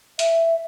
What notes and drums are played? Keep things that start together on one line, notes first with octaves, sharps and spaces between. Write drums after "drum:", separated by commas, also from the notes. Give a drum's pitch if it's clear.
E5, drum: hi-hat